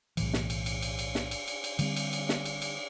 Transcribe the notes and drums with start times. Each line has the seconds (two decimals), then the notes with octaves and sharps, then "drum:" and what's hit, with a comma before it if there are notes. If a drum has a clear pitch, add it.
0.17 B1 A2 E3, drum: cymbal
0.33 drum: snare
0.50 drum: cymbal
0.66 drum: cymbal
0.82 drum: cymbal
0.99 drum: cymbal
1.15 drum: snare
1.31 drum: cymbal
1.48 drum: cymbal
1.64 drum: cymbal
1.79 D3 G3 C4, drum: cymbal
1.97 drum: cymbal
2.13 drum: cymbal
2.29 drum: snare
2.45 drum: cymbal
2.62 drum: cymbal